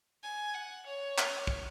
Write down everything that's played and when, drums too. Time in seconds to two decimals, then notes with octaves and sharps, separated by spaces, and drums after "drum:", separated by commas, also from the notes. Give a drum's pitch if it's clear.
0.23 G#5
0.54 F#5
0.86 C#5
1.18 drum: clap
1.47 drum: kick